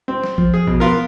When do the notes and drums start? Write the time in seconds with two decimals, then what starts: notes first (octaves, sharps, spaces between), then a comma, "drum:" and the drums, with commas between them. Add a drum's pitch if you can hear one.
0.08 C4
0.24 drum: snare
0.38 F3, drum: kick A1
0.54 G#4
0.67 B2, drum: kick A1
0.80 B3 F4 A#4